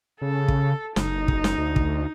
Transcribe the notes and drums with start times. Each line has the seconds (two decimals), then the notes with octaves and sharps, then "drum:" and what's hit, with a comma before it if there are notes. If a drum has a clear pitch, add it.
0.22 C#3 A4
0.48 drum: kick
0.96 F#1 D#4, drum: snare
1.28 drum: kick
1.44 drum: snare
1.58 D2
1.76 drum: kick